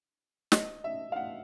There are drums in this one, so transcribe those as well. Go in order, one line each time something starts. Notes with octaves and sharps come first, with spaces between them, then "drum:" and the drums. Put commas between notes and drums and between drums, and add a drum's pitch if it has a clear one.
D#5, drum: snare
E5
F5
F#5